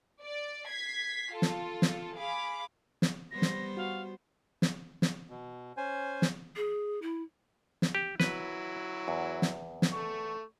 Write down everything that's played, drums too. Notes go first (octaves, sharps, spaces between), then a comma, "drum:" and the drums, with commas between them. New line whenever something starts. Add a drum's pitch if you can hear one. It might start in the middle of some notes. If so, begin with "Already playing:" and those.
D5
G#6 B6 C7
F4 A4
drum: snare
drum: snare
G#4 F5 B5 D6
drum: snare
G3 B3 C5 A#6
drum: snare
F#4 F5
drum: snare
drum: snare
B2
C#4 C5 G#5
drum: snare
G#4
E4
drum: snare
G4
F#3 E4 B4, drum: snare
E2
drum: snare
drum: snare
A3 C#6